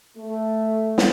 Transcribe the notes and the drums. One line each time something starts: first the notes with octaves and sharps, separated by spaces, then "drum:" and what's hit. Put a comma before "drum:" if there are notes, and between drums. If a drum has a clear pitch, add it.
A3
drum: snare